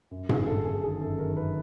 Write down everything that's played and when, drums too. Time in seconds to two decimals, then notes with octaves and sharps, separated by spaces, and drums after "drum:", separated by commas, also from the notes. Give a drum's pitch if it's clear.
0.11 F#2
0.29 G1 G#4, drum: tom G#2
0.47 G1 A4
0.65 G1 G#4
0.83 D#3 G#4
1.01 F#2 A4
1.18 D#3 A#4
1.37 F#2 B4